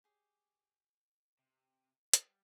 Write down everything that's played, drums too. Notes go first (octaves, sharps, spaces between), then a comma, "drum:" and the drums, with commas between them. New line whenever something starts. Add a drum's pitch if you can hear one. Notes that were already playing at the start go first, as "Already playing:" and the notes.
G4 G#4 C#5
C3
G3 F#5, drum: hi-hat